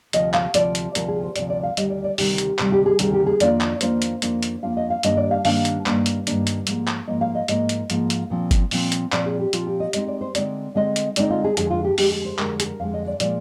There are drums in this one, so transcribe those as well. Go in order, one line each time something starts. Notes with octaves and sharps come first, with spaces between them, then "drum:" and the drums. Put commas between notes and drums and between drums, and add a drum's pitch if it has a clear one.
D2 C3 F3 D#5, drum: hi-hat
F5, drum: clap
D2 C3 F3 D5, drum: hi-hat
drum: hi-hat
D2 C3 F3 A#4, drum: hi-hat
G#4
C5
D2 C3 F3 D5, drum: hi-hat
D5
F5
D2 C3 D#3 G3 D#5, drum: hi-hat
D5
D5
D2 C3 D#3 G3 G4, drum: open hi-hat
drum: hi-hat
D2 C3 D#3 G3, drum: clap
G4
G#4
D2 C3 D#3 G3 G#4, drum: hi-hat
G4
G#4
F2 D#3 A#3 D4 F4 D5, drum: hi-hat
drum: clap
F2 D#3 A#3 D4 F4 C5, drum: hi-hat
drum: hi-hat
F2 D#3 A#3 D4 F4, drum: hi-hat
drum: hi-hat
F2 D#3 A#3 D4 F4 F5
D#5
F5
G2 D#3 A#3 D4 D#5, drum: hi-hat
D5
F5
G2 D#3 A#3 D4 F5, drum: open hi-hat
drum: hi-hat
G2 D#3 A#3 D4, drum: clap
drum: hi-hat
G2 D#3 A#3 D4, drum: hi-hat
drum: hi-hat
G#2 F3 A#3, drum: hi-hat
drum: clap
G#2 F3 A#3 D#5
F5
D#5
G#2 F3 A#3 D#5, drum: hi-hat
drum: hi-hat
G#2 F3 A#3, drum: hi-hat
drum: hi-hat
A#2 F3 C4
drum: kick G1, hi-hat
A#2 F3 C4, drum: open hi-hat
drum: hi-hat
A#2 F3 C4 D5, drum: clap
G#4
G4
A#2 F3 C4 F4, drum: hi-hat
G4
D#5
D3 G#3 C4 D#4 D#5, drum: hi-hat
D5
C5
D3 G#3 C4 D#4 D5, drum: hi-hat
D3 G#3 C4 D#4 D#5
drum: hi-hat
D3 G#3 C4 D#4 D5, drum: hi-hat
F4
G#4
F2 D3 G#3 G#4, drum: hi-hat
F4
G4
F2 D3 G#3 G4, drum: open hi-hat
G#4
C5
F2 D3 G#3 A#4, drum: clap
G#4, drum: hi-hat
A#4
F2 D3 G#3 F5
D#5
D5
A#2 F3 G#3 D5, drum: hi-hat